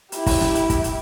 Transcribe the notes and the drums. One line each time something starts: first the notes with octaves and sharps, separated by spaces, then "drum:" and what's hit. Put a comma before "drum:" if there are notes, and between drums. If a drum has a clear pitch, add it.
E4 G4, drum: hi-hat
drum: kick, open hi-hat
drum: rim click
drum: hi-hat
drum: kick, hi-hat
drum: hi-hat